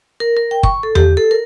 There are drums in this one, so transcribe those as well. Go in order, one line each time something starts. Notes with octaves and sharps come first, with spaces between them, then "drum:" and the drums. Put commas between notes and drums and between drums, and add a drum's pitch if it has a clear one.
A#4
A#4
G5
C#6, drum: kick
A4
G4, drum: tom E2
A4
A#4